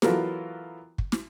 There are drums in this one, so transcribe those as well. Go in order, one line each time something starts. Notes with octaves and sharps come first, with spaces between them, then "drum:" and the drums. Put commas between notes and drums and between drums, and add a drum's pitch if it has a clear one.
E3 F#3 B3 F4 A4 A#4, drum: snare
drum: kick
drum: snare